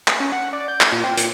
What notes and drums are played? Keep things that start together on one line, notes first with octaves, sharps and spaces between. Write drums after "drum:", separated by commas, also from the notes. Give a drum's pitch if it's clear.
drum: clap
C#4
F#5
D5
G6
drum: clap
A#2
C4
A#2, drum: hi-hat